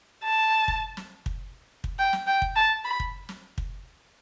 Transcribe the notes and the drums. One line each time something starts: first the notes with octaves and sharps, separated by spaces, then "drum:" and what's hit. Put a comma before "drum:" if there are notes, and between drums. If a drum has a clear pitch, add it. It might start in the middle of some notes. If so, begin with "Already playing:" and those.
A5
drum: kick
drum: snare
drum: kick
drum: kick
G5
drum: snare
G5
drum: kick
A5
B5
drum: kick
drum: snare
drum: kick